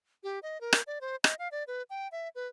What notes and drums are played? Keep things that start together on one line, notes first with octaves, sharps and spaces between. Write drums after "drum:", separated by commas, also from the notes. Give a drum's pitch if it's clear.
G4
D#5
A#4
drum: rim click
D5
C5
D#5, drum: rim click
F5
D5
B4
G5
E5
B4